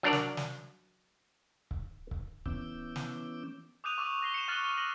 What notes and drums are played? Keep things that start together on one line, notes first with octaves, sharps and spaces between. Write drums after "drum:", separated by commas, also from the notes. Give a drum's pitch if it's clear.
F#3 D4 A#4 D5
drum: snare
drum: snare
drum: kick C#1
drum: kick C#1
E3 B3 C#4 D6 E6 G6, drum: kick C#1
drum: snare
D6 D#6 F#6 G6 D#7 F7
C#6 D6 E6 D#7
A#6 C7 G7
C#7 E7
C#6 F6 F#6 A6 F#7
A#6 D#7 F#7